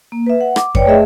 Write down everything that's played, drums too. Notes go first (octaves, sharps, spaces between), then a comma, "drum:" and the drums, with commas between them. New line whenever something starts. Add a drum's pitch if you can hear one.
A#3
B4 E5
F#5
D6, drum: rim click
B4 C#5 D5 G5, drum: kick F2
A3 G#4 D#5 E5